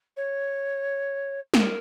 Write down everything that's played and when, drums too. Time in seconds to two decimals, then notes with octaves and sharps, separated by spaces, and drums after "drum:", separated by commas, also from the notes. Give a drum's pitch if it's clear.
0.16 C#5
1.54 A#4, drum: snare